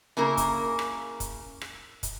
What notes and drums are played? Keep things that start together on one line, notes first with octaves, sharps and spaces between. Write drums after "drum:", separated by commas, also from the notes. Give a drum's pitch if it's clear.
C#3 A#3 E4 A#4
drum: kick, hi-hat
drum: rim click
drum: kick, hi-hat
drum: rim click
drum: kick, hi-hat